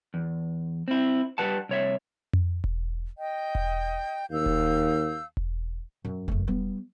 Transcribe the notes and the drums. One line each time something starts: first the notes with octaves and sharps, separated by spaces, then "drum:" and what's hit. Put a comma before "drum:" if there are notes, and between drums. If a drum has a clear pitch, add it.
E2
C4 E4
G3 B4 F#5 A5
C2 C#5 E5
drum: tom F2
drum: kick E1
D#5 G5 G6
drum: kick E1
D#2 F5 E6 G6
drum: kick E1
drum: kick E1
F#2
F#1 A3, drum: kick E1
G3 B3